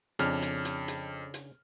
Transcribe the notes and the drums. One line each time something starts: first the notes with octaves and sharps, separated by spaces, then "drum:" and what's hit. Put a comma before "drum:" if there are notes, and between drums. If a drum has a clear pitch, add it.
F2 C#3 D4 F6, drum: hi-hat
drum: hi-hat
drum: hi-hat
drum: hi-hat
drum: hi-hat